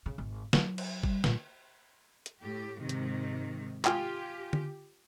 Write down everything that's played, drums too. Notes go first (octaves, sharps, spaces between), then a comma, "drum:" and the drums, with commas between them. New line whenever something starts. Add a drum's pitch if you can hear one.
C#3
G#1
F#3 E4, drum: snare
drum: cymbal
G3, drum: kick G1
A#2 F#3, drum: snare
drum: hi-hat
A2 G4
G#2 C3 D#3
drum: hi-hat
F4 G4 G5 G#5, drum: clap
drum: tom D3